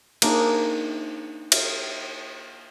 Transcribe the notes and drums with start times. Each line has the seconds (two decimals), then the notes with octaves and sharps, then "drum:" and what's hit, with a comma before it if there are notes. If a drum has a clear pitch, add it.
0.22 A#3 D4 D#4 G#4, drum: cymbal
1.52 drum: cymbal